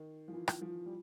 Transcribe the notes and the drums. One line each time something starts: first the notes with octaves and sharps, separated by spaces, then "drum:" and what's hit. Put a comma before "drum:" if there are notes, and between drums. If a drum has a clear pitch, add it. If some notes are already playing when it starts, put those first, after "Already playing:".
Already playing: D#3
F3
E3
drum: rim click
F3
G3